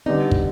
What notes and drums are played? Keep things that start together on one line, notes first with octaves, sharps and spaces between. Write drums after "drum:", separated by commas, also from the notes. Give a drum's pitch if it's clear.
D3 G3 B3 D4 D#4
drum: kick